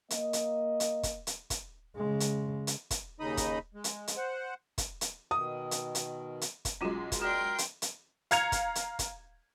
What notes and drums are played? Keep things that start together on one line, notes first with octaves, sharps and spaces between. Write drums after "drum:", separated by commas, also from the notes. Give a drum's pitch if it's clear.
A#3 D#5, drum: hi-hat
drum: hi-hat
drum: hi-hat
drum: kick, hi-hat
drum: hi-hat
drum: kick, hi-hat
C#3 G#3
drum: hi-hat
drum: hi-hat
drum: kick, hi-hat
D#2 C#3 D#4 D#5 B5 D#6
drum: kick, hi-hat
G#3
drum: hi-hat
drum: hi-hat
C5 F#5
drum: kick, hi-hat
drum: hi-hat
B2 D#3 D#6
drum: hi-hat
drum: hi-hat
drum: hi-hat
drum: kick, hi-hat
B1 G#3 C#4 F4 F#4
drum: kick, hi-hat
F#4 A#4 D5 G5 C6
drum: hi-hat
drum: hi-hat
F5 A#5 G#6 C#7 F7, drum: hi-hat
drum: kick, hi-hat
drum: hi-hat
drum: kick, hi-hat